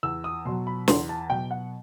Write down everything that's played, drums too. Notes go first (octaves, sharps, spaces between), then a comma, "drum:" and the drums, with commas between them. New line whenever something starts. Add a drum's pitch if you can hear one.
E2 E6
D#6
B2 F#3 C6
B5
E2 C6, drum: snare
A5
B2 F#3 G5
F#5